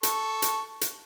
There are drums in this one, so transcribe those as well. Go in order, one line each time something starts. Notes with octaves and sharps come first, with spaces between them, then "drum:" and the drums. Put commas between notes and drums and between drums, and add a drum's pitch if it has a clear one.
A4 C#6, drum: hi-hat
drum: hi-hat
drum: hi-hat